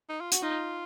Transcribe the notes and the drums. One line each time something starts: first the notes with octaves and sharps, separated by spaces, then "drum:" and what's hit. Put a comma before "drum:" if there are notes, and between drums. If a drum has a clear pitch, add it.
D#4
F4
F#4, drum: hi-hat
D#4 F4